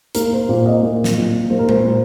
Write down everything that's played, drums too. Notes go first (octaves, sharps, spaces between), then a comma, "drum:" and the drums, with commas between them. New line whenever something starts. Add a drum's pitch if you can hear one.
A#3 A#4, drum: hi-hat
C5
A#2 C5
D#5
A#3
drum: snare
A#2
A#3 C5
A#4
C5, drum: tom G#3
A#2